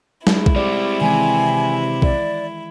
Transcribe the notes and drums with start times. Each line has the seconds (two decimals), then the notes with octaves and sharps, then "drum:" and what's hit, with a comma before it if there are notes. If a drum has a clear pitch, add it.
0.27 G#3 E4, drum: snare
0.46 drum: kick B1
0.56 G3 C4 D5
1.01 C3 D#3 E3 G#3 G#5
2.02 D5, drum: kick B1